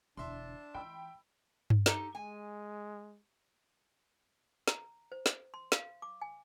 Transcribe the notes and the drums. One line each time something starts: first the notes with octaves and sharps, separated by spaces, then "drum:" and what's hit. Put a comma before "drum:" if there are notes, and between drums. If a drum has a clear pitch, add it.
E1 D2 D4 E5 A5 C6
E3 G5 B5 E6
drum: tom G2
D#4 G4 A4, drum: snare
G#3 G#5
A#5, drum: snare
C5
drum: snare
C6
F5, drum: snare
D6
G#5